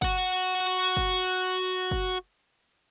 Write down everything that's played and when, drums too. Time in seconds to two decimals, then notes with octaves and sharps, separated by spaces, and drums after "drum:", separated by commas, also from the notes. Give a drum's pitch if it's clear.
0.02 F#4 F#5, drum: kick F#1
0.97 drum: kick F#1
1.91 drum: kick F#1